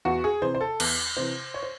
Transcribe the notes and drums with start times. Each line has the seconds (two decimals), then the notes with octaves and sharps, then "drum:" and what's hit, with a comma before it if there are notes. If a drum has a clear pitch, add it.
0.05 E2 F#4
0.24 G#4
0.42 C3 E3 C5
0.55 C5
0.61 A4
0.80 E2, drum: cymbal
1.17 C3 E3 C5
1.54 C#5
1.63 C5